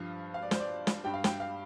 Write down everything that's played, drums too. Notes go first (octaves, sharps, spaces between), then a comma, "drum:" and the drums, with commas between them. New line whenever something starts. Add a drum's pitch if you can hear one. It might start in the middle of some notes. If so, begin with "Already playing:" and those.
Already playing: G2 F3 F5
F5
D5
C5, drum: snare
D5
drum: snare
G2 G3 G5
F5
G5, drum: snare
F5